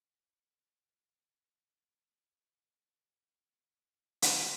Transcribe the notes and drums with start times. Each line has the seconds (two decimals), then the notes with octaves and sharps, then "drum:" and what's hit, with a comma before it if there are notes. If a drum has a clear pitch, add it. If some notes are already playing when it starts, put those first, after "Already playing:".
Already playing: A4
0.08 C4
0.26 F#3 B4
0.37 C#5
0.42 A#3
0.48 C5
0.59 A2 C5
0.71 C5
0.76 A2
0.82 A#4
0.93 F#3 A4
1.05 A#4
1.11 A2 C5
1.27 A#3
1.44 A2
1.61 F#3
1.77 F#3 C5
1.94 A2
2.11 B3
2.29 A2
2.45 F#3
2.63 A2 G#4
4.22 drum: hi-hat